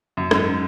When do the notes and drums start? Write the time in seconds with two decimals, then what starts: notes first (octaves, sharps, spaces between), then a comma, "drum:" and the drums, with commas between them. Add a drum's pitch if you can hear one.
0.17 F#2
0.31 G#2, drum: rim click